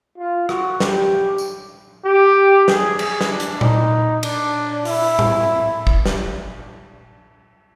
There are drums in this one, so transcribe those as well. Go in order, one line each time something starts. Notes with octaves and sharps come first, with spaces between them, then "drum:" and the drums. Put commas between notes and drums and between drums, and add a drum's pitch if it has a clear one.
F4
F#4, drum: rim click
G4, drum: snare
drum: tambourine
G4
G#4, drum: snare
G#4, drum: cymbal
drum: snare
D4
drum: hi-hat
D#4, drum: tom A#2
D4, drum: cymbal
E4, drum: open hi-hat
drum: tom A2
drum: kick
drum: snare